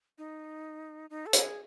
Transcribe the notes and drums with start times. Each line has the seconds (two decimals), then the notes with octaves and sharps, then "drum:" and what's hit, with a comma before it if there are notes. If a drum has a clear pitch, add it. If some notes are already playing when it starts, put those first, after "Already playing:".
0.18 D#4
1.10 D#4
1.26 A4
1.33 G#4, drum: hi-hat